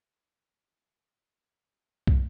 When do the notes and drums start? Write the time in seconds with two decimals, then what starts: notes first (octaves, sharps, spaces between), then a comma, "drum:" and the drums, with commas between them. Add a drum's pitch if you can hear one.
0.08 C#2
0.31 C#3 F#3 C#4
0.54 C#2
0.77 C#3 F#3 C#4
1.00 D2
1.23 D3 A3 C#4
1.46 D2
1.69 D3 A3 C#4
1.92 B2
2.07 drum: kick